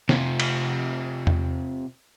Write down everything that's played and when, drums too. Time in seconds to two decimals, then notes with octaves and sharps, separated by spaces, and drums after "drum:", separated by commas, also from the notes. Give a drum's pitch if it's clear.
0.09 C3 F4, drum: snare
0.40 drum: cymbal
1.27 drum: tom E2